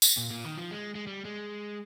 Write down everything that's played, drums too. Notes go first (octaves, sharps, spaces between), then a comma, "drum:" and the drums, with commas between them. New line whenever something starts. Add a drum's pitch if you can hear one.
drum: tambourine
A#2
A#2
D#3
F3
G#3
G#3
G3
G#3